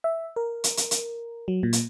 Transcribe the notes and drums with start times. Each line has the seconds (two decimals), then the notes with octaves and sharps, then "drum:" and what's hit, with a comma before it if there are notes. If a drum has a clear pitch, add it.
0.04 E5
0.36 A#4
0.64 drum: hi-hat
0.77 drum: hi-hat
0.91 drum: hi-hat
1.48 F#3
1.63 A#2
1.73 drum: hi-hat